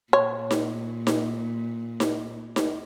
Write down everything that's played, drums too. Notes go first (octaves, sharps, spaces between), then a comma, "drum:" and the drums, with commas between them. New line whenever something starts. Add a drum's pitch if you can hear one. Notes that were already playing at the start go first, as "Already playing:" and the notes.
A#2 C#5
drum: snare D#4
drum: snare D#4
drum: snare D#4
drum: snare D#4